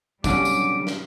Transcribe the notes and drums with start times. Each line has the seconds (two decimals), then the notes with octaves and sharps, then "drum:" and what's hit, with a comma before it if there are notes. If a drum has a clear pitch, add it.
0.24 B1 D3 G3 C#4 D6, drum: kick, tambourine
0.45 drum: tambourine
0.87 drum: snare